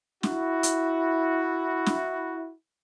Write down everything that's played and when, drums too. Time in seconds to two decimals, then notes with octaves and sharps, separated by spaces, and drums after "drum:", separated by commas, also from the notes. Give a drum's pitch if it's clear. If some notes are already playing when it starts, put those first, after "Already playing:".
0.23 E4 F#4, drum: snare
0.63 drum: hi-hat
1.86 drum: snare